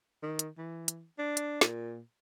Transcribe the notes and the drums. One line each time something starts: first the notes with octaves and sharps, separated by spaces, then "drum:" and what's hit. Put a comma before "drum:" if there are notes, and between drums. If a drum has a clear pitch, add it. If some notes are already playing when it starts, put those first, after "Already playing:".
D#3
drum: hi-hat
E3
drum: hi-hat
D4
drum: hi-hat
A#2, drum: snare